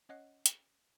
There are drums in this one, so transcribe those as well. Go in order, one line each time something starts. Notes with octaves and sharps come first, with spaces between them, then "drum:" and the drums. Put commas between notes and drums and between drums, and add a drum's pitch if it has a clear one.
C#4 C#5 D#5 F#5 F#6 C7
drum: hi-hat